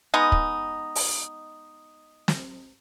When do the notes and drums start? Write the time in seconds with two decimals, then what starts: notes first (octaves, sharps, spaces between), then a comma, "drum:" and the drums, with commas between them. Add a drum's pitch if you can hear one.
0.14 G#3 B3 D#4
0.32 drum: kick
0.95 drum: open hi-hat
2.28 drum: snare